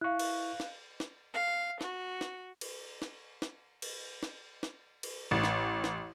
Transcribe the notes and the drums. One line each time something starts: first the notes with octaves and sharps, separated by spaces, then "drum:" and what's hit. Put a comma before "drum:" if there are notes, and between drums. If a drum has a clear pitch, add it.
E4 F5 C#6 F#6
drum: cymbal
drum: snare
drum: snare
F5
F#4, drum: snare
drum: snare
drum: cymbal
drum: snare
drum: snare
drum: cymbal
drum: snare
drum: snare
drum: cymbal
A1
drum: snare
drum: snare